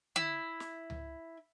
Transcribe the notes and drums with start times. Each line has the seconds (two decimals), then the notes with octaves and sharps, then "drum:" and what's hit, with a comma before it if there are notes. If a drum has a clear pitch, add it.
0.16 E4, drum: tom D3
0.60 drum: snare
0.90 drum: tom C#2